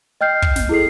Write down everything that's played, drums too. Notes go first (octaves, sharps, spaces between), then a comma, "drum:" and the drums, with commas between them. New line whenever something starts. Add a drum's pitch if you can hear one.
D#5 G5 F6 G6 C7
drum: kick
drum: snare
E4 G#4 A4 C7